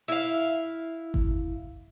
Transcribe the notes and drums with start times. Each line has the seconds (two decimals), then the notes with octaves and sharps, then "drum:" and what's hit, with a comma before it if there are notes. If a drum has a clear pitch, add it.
0.08 E4 F5
1.14 drum: kick G1